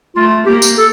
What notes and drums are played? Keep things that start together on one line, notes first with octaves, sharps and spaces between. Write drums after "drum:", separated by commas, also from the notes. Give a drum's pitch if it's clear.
A3 F4
A#3 G4
drum: tambourine
A4